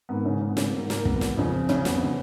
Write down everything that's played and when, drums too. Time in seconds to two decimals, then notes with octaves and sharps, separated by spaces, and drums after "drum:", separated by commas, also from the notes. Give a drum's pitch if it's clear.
0.09 G#2 D#3 B3
0.25 C#3 C#4
0.41 A#3
0.50 B3
0.57 C#3 C#4, drum: snare
0.65 B3
0.74 G#2 D#3
0.90 A#3, drum: snare
1.05 B3, drum: kick
1.21 drum: snare
1.37 F2 C#3
1.69 C#3 C#4, drum: tom
1.85 B3, drum: snare
2.03 C#3